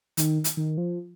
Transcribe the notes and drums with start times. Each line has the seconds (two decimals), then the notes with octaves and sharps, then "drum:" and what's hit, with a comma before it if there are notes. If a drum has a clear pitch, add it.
0.17 D#3, drum: hi-hat
0.44 drum: hi-hat
0.57 D#3
0.78 F3